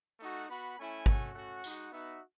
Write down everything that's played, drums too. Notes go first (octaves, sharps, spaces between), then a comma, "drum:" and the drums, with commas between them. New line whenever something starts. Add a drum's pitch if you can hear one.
A3 D#4 F#4
B3 F#4 B5
A3 C#4 E4 G#5
A3 C#4 F#4, drum: kick G#1
A3 C#4 F#4 F#5
G#3 D#4 F#4, drum: tambourine
B3 D#4 F#4 E5